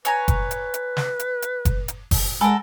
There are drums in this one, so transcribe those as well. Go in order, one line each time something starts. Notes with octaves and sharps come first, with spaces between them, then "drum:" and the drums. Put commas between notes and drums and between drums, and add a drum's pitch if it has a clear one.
B4 C#5 G#5 A#5, drum: hi-hat
drum: kick F#1, hi-hat
drum: hi-hat
drum: hi-hat
drum: snare
drum: hi-hat
drum: hi-hat
drum: kick F#1, hi-hat
drum: hi-hat
drum: kick F#1, open hi-hat
G#3 A4 A#4 F#5 G#5 B5